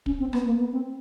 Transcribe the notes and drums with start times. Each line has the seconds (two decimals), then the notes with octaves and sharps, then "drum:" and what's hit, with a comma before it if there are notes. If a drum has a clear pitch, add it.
0.06 C#4, drum: kick
0.19 C4
0.33 B3, drum: rim click
0.46 A#3
0.59 B3
0.72 C4